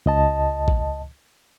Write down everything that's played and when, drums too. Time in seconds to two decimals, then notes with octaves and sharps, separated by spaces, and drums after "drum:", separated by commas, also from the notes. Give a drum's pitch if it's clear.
0.06 C#2 D#5 A5
0.68 drum: kick